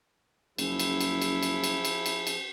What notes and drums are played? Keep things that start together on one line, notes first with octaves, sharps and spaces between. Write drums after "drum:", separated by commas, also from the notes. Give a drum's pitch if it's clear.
F#1 F3 E4 G#4, drum: cymbal
drum: cymbal
drum: cymbal
drum: cymbal
drum: cymbal
drum: cymbal
drum: cymbal
drum: cymbal
drum: cymbal